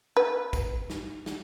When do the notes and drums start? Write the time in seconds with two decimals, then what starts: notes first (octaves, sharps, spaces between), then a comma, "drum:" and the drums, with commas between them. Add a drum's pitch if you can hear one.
0.17 B4
0.53 drum: kick, tambourine
0.90 drum: snare
1.26 drum: snare